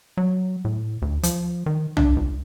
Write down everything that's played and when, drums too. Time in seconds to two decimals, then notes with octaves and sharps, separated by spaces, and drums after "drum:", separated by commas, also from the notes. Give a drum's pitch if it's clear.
0.17 F#3
0.65 A2
1.02 D2
1.23 F3, drum: hi-hat
1.66 D#3
1.97 D4, drum: tom
2.16 C#2